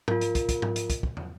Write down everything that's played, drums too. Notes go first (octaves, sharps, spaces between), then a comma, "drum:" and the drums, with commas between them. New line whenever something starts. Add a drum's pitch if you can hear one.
F4 A#4, drum: tom G#2
drum: hi-hat
drum: kick, hi-hat
drum: kick, hi-hat
drum: tom G#2
drum: hi-hat
drum: kick, hi-hat
drum: kick
drum: tom